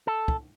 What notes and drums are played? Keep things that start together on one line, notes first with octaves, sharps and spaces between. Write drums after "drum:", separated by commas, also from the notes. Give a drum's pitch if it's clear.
A4
drum: kick